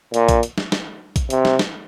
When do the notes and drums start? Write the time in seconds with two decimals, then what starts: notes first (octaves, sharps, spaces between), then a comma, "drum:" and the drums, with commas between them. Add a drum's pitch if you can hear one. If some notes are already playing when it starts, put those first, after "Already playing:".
0.14 A#2, drum: hi-hat
0.29 drum: kick A#1, hi-hat
0.43 drum: hi-hat
0.58 drum: snare
0.72 drum: snare
1.16 drum: kick A#1, hi-hat
1.30 C3, drum: hi-hat
1.45 drum: snare
1.59 drum: snare